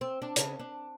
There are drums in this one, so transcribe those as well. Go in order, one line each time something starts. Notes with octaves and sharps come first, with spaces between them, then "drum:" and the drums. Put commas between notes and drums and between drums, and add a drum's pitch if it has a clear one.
C4
D4
C#3, drum: hi-hat
D4